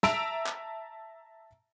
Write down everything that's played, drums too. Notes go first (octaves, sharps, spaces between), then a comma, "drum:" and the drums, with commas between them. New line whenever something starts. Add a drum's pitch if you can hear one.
E5 A5 A#5 E6 D7, drum: snare
drum: clap